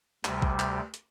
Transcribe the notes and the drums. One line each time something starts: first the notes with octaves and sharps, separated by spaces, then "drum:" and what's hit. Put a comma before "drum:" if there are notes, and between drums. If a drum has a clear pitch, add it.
D2 C3 G3, drum: clap
drum: kick A#1
drum: clap
drum: hi-hat